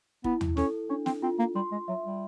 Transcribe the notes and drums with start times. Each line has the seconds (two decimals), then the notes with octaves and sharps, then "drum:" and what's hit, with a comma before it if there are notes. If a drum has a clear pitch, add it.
0.24 B3 E4, drum: kick
0.41 drum: tom
0.57 C#4 A4, drum: snare
0.89 C#4 D4
1.06 C4, drum: snare
1.22 C4 F4
1.39 A#3
1.55 G3 C6
1.72 G#3
1.88 F#3 E5
2.05 G3